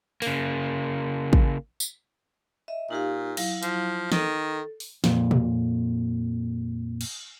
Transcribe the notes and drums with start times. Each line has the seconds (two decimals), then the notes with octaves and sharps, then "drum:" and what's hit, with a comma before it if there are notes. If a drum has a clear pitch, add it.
0.22 C#3 A#3, drum: open hi-hat
1.33 drum: kick
1.80 drum: tambourine
2.68 D#5 E5
2.91 A#2 D#4 G4 F5
3.37 F#3 E4 F5, drum: cymbal
3.63 F3, drum: hi-hat
4.12 D#3 A4, drum: snare
4.80 drum: open hi-hat
5.04 F2 A#2, drum: snare
5.31 drum: tom A#2
7.01 drum: cymbal